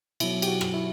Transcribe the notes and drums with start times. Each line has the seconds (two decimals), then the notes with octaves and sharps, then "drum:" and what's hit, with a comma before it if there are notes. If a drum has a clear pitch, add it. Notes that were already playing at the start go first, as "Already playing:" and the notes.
0.20 B2 F#3 E4, drum: cymbal
0.42 G4, drum: cymbal
0.48 F#4
0.61 drum: rim click
0.74 E4